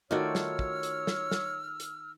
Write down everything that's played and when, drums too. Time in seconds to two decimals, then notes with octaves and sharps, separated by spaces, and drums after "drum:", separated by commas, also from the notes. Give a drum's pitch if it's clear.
0.11 D#3 A3 F4 F#4 C#5 D5 E6 F6
0.35 drum: snare
0.59 drum: kick
0.83 drum: hi-hat
1.07 drum: snare
1.31 drum: snare
1.80 drum: hi-hat